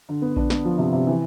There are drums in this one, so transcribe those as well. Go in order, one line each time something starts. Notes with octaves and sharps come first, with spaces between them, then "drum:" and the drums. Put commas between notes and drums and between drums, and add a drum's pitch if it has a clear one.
D3
B3
D4, drum: kick A#1
B3, drum: snare
F3
C3
C3
E3